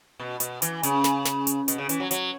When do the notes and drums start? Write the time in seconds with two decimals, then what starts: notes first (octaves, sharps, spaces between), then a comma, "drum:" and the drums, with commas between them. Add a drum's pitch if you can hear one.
0.19 B2
0.40 B2, drum: hi-hat
0.62 E3, drum: hi-hat
0.83 C#3, drum: hi-hat
1.04 drum: snare
1.25 drum: snare
1.47 drum: hi-hat
1.68 B2, drum: hi-hat
1.78 C#3
1.89 E3, drum: hi-hat
2.00 F#3
2.11 F#3, drum: hi-hat